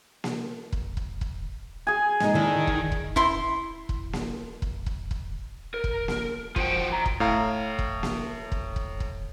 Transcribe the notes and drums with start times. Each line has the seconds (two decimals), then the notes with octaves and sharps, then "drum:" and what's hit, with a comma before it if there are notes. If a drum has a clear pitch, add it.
0.24 drum: snare A#3
0.72 drum: kick
0.97 drum: kick
1.21 drum: kick
1.87 G#4 G#5
2.20 G#3 D#4, drum: snare A#3
2.35 D#3 D4 E4
2.67 drum: kick
2.92 drum: kick
3.16 E4 C6, drum: kick
3.89 drum: kick
4.13 drum: snare A#3
4.62 drum: kick
4.86 drum: kick
5.11 drum: kick
5.74 A#4
5.84 drum: kick
6.08 drum: snare A#3
6.56 F3 F4 F#4 G5, drum: kick
6.90 E3 A#5
7.06 drum: kick
7.20 A2 F5 A#5
7.79 drum: kick
8.03 drum: snare A#3
8.52 drum: kick
8.76 drum: kick
9.00 drum: kick